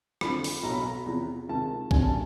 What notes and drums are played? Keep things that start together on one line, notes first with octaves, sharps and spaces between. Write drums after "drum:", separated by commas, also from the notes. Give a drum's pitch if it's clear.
F2 D3 F3 B5, drum: rim click
drum: open hi-hat
B1 B2 F#3 A#5
B5
A#5
E2 C3 F3
C#2 C3 D#3 A5
G#1 F#2 D3 G3 G#5, drum: kick
A5